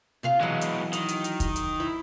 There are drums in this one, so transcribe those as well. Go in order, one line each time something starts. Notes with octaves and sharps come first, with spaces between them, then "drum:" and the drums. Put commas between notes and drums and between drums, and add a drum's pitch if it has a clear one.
C3 F4 F5
B2 E3 F#3 G#3
drum: hi-hat
D#3, drum: hi-hat
drum: hi-hat
drum: hi-hat
drum: kick, hi-hat
drum: hi-hat
E4